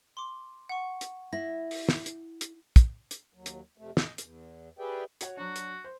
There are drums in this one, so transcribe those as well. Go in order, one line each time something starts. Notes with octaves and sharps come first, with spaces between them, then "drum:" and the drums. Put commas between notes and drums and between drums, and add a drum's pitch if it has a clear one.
C6 D6
F#5 C#6
drum: hi-hat
E4 A#6
drum: open hi-hat
drum: snare
drum: hi-hat
drum: hi-hat
drum: kick, hi-hat
drum: hi-hat
D#2 F#3
drum: hi-hat
F2 C3 A3
D#5, drum: snare
E2, drum: hi-hat
G4 G#4 B4 D5 E5 G5
F#4 C#5 F#5, drum: hi-hat
F#3 D4 F#4
drum: hi-hat
C5